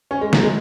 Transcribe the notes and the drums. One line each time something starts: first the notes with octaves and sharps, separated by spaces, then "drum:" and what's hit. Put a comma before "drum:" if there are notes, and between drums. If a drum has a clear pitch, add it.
C#4
G#3
F#3, drum: snare
G#3